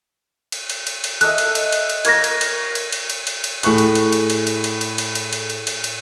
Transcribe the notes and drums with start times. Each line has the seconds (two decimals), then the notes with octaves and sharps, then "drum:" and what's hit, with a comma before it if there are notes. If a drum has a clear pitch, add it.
0.52 drum: cymbal
0.70 drum: cymbal
0.87 drum: cymbal
1.04 drum: cymbal
1.21 A4 D#5 E5 F#6, drum: cymbal
1.38 drum: cymbal
1.55 drum: cymbal
1.72 drum: cymbal
1.90 drum: cymbal
2.05 A#4 C#5 F5 G#6 A#6, drum: cymbal
2.24 drum: cymbal
2.41 drum: cymbal
2.75 drum: cymbal
2.92 drum: cymbal
3.10 drum: cymbal
3.27 drum: cymbal
3.44 drum: cymbal
3.63 A2 G#4 C#6 F#6, drum: cymbal
3.78 drum: cymbal
3.95 drum: cymbal
4.13 drum: cymbal
4.30 drum: cymbal
4.47 drum: cymbal
4.64 drum: cymbal
4.81 drum: cymbal
4.98 drum: cymbal
5.15 drum: cymbal
5.33 drum: cymbal
5.50 drum: cymbal
5.67 drum: cymbal
5.84 drum: cymbal